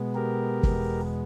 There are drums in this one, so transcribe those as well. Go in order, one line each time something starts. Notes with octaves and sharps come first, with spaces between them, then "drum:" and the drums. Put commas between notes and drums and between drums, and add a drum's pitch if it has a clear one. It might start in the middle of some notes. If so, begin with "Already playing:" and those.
Already playing: B2 G#3 B3
G4 A#4
E2 B2 G#3 B3, drum: kick